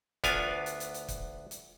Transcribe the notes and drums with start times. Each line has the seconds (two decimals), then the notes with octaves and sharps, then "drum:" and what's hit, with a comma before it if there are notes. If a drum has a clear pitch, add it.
0.24 D2 B3 D4 F4 F5 G#5, drum: kick, hi-hat
0.66 drum: hi-hat
0.80 drum: hi-hat
0.94 drum: hi-hat
1.08 drum: kick, hi-hat
1.51 drum: hi-hat